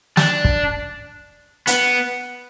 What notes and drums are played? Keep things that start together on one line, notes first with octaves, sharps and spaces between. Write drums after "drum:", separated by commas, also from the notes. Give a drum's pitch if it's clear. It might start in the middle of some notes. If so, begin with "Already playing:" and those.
D4, drum: snare
drum: kick
B3, drum: hi-hat